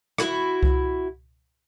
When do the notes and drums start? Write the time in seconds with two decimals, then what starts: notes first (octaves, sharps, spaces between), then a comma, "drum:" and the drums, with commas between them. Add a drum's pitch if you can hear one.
0.18 E4 F#4, drum: rim click
0.63 drum: kick C2